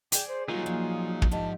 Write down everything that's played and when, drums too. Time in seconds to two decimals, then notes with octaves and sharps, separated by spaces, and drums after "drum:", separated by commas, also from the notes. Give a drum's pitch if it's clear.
0.12 G#4 D5 G5, drum: hi-hat
0.28 C5
0.48 F#3 G3 A#3 D#4 F4 G#4
0.66 A#2 F3
1.22 drum: kick
1.31 G#2 D3 G4 A5